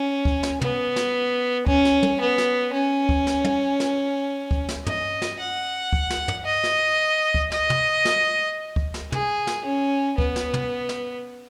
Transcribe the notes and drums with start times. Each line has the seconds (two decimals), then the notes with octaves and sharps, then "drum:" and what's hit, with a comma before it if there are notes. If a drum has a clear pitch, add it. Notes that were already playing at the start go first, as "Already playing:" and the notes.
Already playing: C#4
0.25 drum: kick
0.43 drum: snare
0.61 B3, drum: tom
0.96 drum: snare
1.67 C#4, drum: kick
1.85 drum: snare
2.03 drum: tom
2.20 B3
2.38 drum: snare
2.73 C#4
3.09 drum: kick
3.27 drum: snare
3.44 drum: tom
3.80 drum: snare
4.51 drum: kick
4.69 drum: snare
4.86 D#5, drum: tom
5.22 drum: snare
5.39 F#5
5.93 drum: kick
6.10 drum: snare
6.28 drum: tom
6.45 D#5
6.64 drum: snare
7.34 drum: kick
7.52 D#5, drum: snare
7.70 drum: tom
8.05 drum: snare
8.76 drum: kick
8.94 drum: snare
9.12 G#4, drum: tom
9.47 drum: snare
9.65 C#4
10.18 B3, drum: kick
10.36 drum: snare
10.54 drum: tom
10.89 drum: snare